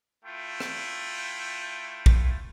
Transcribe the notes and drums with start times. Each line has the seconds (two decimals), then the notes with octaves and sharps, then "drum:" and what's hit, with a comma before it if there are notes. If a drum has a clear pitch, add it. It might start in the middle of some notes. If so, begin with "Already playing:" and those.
0.24 A3 E4 F4 G5
0.60 drum: rim click
2.06 drum: kick